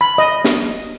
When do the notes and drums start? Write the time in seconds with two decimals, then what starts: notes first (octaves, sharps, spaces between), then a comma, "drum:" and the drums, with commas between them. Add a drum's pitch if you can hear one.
0.01 B5
0.18 D#5
0.44 drum: snare